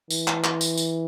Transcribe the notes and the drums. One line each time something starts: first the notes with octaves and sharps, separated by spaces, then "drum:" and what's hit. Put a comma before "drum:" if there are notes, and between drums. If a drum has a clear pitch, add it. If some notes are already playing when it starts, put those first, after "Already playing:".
E3, drum: tambourine
drum: clap
drum: clap
drum: tambourine
drum: tambourine